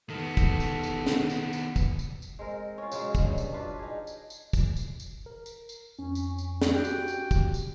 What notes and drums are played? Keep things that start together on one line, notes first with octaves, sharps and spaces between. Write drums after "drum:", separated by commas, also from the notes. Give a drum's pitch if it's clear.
D#3 B3 A4
drum: kick, tambourine
drum: tambourine
drum: tambourine
drum: snare
drum: tambourine
drum: tambourine
drum: kick, tambourine
drum: tambourine
drum: tambourine
G#3 C4 A#4
C#4 F4
C#3 F#3 G#3, drum: tambourine
drum: kick, tambourine
G2
drum: tambourine
F#3 D4 F4 B4
D#4 G#4
drum: tambourine
drum: tambourine
drum: kick, tambourine
drum: tambourine
drum: tambourine
A#4
drum: tambourine
drum: tambourine
F2 C#4
drum: tambourine
drum: tambourine
drum: snare
F#4 G4 G5 F#6
drum: tambourine
drum: tambourine
drum: kick, tambourine
drum: tambourine